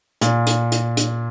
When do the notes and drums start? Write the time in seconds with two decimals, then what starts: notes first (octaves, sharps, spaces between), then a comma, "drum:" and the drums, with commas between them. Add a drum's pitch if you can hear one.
0.21 A#2, drum: hi-hat
0.47 drum: hi-hat
0.72 drum: hi-hat
0.97 drum: hi-hat